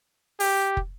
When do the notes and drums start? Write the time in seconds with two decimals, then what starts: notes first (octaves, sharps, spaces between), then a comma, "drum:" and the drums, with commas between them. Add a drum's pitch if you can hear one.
0.40 G4, drum: open hi-hat
0.77 drum: kick